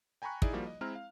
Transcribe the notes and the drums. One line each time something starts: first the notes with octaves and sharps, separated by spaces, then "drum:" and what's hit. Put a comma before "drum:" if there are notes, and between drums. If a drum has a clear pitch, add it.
G5 G#5 A#5 B5 C#6 F#6
D#4 E4 G#4 D5, drum: kick
F3 G3 A#3 F#4
D#5
G#3 C4 E4 A#5 F6
F5